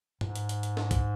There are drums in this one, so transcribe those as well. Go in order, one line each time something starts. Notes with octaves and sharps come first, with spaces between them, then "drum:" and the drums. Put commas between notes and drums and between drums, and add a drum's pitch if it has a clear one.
G#2, drum: tom
drum: hi-hat
drum: hi-hat
drum: hi-hat
drum: snare
drum: kick A#1, hi-hat